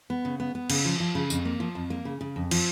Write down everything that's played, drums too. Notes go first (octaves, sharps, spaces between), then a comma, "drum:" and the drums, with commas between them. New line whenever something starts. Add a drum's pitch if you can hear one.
B3
C#3
B3
B3
C#3, drum: cymbal
F3
F3
C#3
F2, drum: tambourine
A#3
F3
F2
A#3
C#3
C#3
F2
F3, drum: cymbal